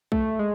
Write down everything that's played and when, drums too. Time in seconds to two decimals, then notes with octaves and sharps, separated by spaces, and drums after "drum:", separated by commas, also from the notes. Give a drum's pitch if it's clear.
0.12 A3, drum: kick
0.39 G#3